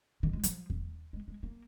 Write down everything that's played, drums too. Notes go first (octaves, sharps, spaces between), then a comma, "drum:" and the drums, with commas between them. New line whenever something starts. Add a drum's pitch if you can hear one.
D#3
G#3
F3, drum: hi-hat
drum: kick E2
G#3
G#3
A#3